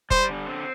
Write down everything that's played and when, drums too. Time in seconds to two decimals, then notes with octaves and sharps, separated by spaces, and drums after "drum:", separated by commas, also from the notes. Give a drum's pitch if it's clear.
0.11 G3 C5, drum: kick F1
0.29 D3
0.47 C4